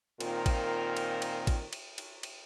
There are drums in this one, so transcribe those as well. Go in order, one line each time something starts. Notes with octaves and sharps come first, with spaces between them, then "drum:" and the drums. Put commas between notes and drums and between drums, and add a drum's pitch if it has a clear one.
A#2 D#3 C4 F4 A#4, drum: cymbal
drum: kick A1, cymbal
drum: cymbal
drum: cymbal
drum: kick A1, cymbal
drum: cymbal
drum: cymbal
drum: cymbal